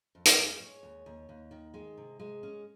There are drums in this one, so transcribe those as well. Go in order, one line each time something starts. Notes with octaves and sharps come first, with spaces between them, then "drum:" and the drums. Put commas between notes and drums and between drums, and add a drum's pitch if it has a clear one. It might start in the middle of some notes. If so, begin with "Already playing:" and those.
F2
drum: hi-hat
G#3
G#3 C#5
D#2
D#2
D#2
D#3
G#3
C3
G#3
C#4